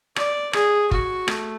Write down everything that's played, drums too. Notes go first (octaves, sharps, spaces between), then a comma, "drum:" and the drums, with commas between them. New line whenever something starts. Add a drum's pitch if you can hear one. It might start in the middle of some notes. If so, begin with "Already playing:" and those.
D5, drum: rim click
G#4, drum: rim click
F#4, drum: kick
A3, drum: rim click